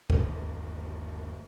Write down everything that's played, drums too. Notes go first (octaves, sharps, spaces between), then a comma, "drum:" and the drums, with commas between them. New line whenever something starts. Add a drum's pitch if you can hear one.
G1 D#2, drum: kick